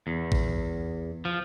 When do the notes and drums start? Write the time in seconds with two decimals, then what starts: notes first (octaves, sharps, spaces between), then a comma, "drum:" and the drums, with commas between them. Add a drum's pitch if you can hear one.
0.07 E2
0.32 drum: kick A1
1.25 F3